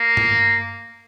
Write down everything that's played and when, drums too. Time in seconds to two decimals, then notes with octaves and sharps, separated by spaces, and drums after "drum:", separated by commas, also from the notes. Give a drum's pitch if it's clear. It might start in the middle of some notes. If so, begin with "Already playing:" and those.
Already playing: A#3
0.17 drum: tom G2